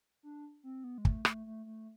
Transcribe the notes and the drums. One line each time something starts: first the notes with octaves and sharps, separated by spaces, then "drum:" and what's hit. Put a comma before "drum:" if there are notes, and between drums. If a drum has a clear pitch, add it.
D4
C4
B3
G#3
A3, drum: kick
A3, drum: rim click
A3
A3